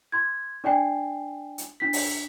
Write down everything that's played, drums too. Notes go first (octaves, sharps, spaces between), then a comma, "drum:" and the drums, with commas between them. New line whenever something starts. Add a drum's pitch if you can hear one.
C6 G#6
D4 D5 G5 G#5 C7
drum: hi-hat
D4 B6
drum: open hi-hat